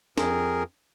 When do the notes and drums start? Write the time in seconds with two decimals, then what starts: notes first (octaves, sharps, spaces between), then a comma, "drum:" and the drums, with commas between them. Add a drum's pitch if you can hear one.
0.18 F2 G#4 A#4, drum: snare